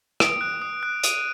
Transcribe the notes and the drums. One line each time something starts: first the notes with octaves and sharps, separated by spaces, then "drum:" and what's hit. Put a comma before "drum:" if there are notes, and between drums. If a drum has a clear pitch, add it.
D#6 D7, drum: rim click
F#6
D#6
F#6
D#6 D#7, drum: hi-hat